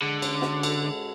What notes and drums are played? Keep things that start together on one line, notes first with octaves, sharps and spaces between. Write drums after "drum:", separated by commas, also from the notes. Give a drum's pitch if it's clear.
D3 G#3
C#4, drum: cymbal
F#4, drum: snare
A4, drum: cymbal
G#3